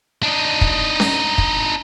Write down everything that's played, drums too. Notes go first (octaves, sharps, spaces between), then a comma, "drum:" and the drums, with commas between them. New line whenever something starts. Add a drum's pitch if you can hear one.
D4 D#4
drum: kick
drum: snare C#4
drum: kick